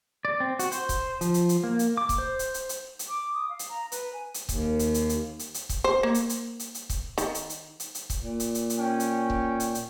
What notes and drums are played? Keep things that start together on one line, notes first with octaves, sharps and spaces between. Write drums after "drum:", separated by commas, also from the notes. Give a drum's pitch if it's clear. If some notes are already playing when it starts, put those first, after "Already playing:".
D5
C4
F#4, drum: hi-hat
C5, drum: hi-hat
drum: kick C#1, hi-hat
F3, drum: hi-hat
drum: hi-hat
drum: hi-hat
A#3
drum: hi-hat
D6
drum: kick C#1, hi-hat
C5
drum: hi-hat
drum: hi-hat
drum: hi-hat
drum: hi-hat
D6
D#6
F5
drum: hi-hat
A#5
B4, drum: hi-hat
G#5
drum: hi-hat
D#2, drum: kick C#1, hi-hat
drum: hi-hat
drum: hi-hat
drum: hi-hat
drum: hi-hat
drum: hi-hat
drum: kick C#1, hi-hat
C5
A#3
drum: hi-hat
drum: hi-hat
drum: hi-hat
drum: hi-hat
drum: kick C#1, hi-hat
D#3, drum: hi-hat
drum: hi-hat
drum: hi-hat
drum: hi-hat
drum: hi-hat
drum: kick C#1, hi-hat
A#2
drum: hi-hat
drum: hi-hat
drum: hi-hat
C#4 G5
drum: hi-hat
drum: kick C#1
drum: hi-hat
drum: hi-hat